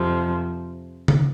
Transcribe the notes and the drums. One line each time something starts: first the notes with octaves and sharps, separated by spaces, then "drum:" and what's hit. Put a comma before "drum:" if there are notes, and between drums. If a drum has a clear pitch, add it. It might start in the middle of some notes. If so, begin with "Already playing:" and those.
Already playing: F2 C3 F3
drum: tom C#3